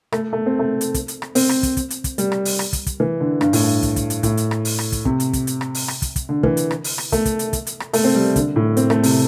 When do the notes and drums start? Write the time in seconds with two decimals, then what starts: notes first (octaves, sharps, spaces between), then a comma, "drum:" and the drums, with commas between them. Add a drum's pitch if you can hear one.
0.12 A3, drum: rim click
0.33 A3
0.46 C4
0.59 A3
0.81 drum: hi-hat
0.94 drum: kick, hi-hat
1.08 drum: hi-hat
1.22 drum: rim click
1.35 C4, drum: open hi-hat
1.49 drum: rim click
1.63 drum: kick, hi-hat
1.77 drum: kick, hi-hat
1.90 drum: hi-hat
2.04 drum: kick, hi-hat
2.18 G3, drum: hi-hat
2.32 drum: rim click
2.45 drum: open hi-hat
2.59 drum: rim click
2.73 drum: kick, hi-hat
2.86 drum: kick, hi-hat
3.00 E3
3.20 D3
3.41 G2, drum: rim click
3.53 A2, drum: open hi-hat
3.63 G2
3.83 drum: kick, hi-hat
3.96 drum: kick, hi-hat
4.10 drum: hi-hat
4.23 A2, drum: kick, hi-hat
4.37 drum: hi-hat
4.51 drum: rim click
4.65 drum: open hi-hat
4.79 drum: rim click
4.92 drum: kick, hi-hat
5.05 C3, drum: kick
5.20 drum: hi-hat
5.33 drum: kick, hi-hat
5.47 drum: hi-hat
5.61 drum: rim click
5.75 drum: open hi-hat
5.88 drum: rim click
6.02 drum: kick, hi-hat
6.16 drum: kick, hi-hat
6.29 D3
6.43 E3, drum: kick
6.57 drum: hi-hat
6.71 drum: rim click
6.84 drum: open hi-hat
6.98 drum: rim click
7.12 A3, drum: kick, hi-hat
7.25 drum: kick, hi-hat
7.39 drum: hi-hat
7.53 drum: kick, hi-hat
7.67 drum: hi-hat
7.80 drum: rim click
7.93 A3, drum: open hi-hat
8.04 C4
8.15 G3
8.36 D3, drum: kick, hi-hat
8.56 A2
8.77 C4, drum: hi-hat
8.90 A3, drum: rim click
9.03 C3, drum: open hi-hat